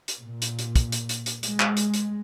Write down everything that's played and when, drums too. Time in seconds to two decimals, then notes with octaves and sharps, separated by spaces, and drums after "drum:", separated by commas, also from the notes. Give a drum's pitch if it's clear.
0.08 drum: hi-hat
0.20 A#2
0.42 drum: hi-hat
0.59 drum: hi-hat
0.76 drum: kick, hi-hat
0.92 drum: hi-hat
1.09 drum: hi-hat
1.26 drum: hi-hat
1.43 G#3, drum: hi-hat
1.60 drum: clap
1.77 drum: hi-hat
1.94 drum: hi-hat